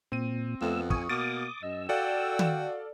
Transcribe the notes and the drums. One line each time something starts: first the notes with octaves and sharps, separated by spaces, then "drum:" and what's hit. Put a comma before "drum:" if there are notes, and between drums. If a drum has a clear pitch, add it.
A#2 C4 D#7
F2 A3 B3 E6
G#5 C#6 D#6, drum: kick
B2 A#3 D6 D#6 A6
F#2 D#5 E6
F#4 A4 D5 F5 G5
drum: tom